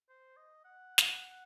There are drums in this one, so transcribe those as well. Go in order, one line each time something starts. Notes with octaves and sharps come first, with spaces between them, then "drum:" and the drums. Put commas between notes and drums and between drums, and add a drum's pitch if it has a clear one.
C5
D#5
F#5
drum: snare